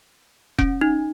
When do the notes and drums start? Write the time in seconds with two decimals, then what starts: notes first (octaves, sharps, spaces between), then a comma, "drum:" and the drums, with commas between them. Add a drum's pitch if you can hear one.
0.59 C#4, drum: kick E1
0.81 D#4